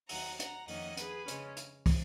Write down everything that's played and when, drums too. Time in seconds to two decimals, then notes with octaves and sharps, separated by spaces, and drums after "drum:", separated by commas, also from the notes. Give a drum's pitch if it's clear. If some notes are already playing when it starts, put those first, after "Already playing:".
0.09 D#2 D#3 F#3 F#5 A#5, drum: open hi-hat
0.39 F#5 A#5, drum: hi-hat
0.68 F2 D#3 A#3 C#4 D#5 F#5, drum: open hi-hat
0.97 G#4 B4, drum: hi-hat
1.28 C#3 G#3 C#4, drum: hi-hat
1.56 drum: hi-hat
1.86 drum: kick, open hi-hat